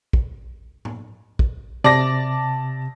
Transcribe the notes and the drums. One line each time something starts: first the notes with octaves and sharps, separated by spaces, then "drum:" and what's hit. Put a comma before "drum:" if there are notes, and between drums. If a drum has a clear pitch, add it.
drum: kick
drum: tom A2
drum: kick
C3 D5 A5 A#6